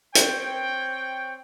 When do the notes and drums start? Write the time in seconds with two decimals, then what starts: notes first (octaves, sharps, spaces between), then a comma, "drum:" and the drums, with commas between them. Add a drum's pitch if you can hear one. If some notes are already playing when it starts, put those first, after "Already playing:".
0.15 C4 C#5 G5, drum: hi-hat